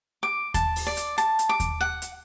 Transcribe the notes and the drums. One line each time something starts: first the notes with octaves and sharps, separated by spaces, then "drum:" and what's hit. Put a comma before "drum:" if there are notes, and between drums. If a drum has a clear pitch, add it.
D6
A5, drum: kick D#2, hi-hat
drum: open hi-hat
D5
drum: hi-hat
A5, drum: hi-hat
drum: hi-hat
D6
drum: kick D#2, hi-hat
F#5
drum: hi-hat